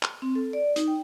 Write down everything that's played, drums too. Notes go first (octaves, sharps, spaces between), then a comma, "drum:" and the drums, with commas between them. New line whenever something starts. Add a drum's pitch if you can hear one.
drum: clap
C4
A4
D5
D#4, drum: hi-hat
G5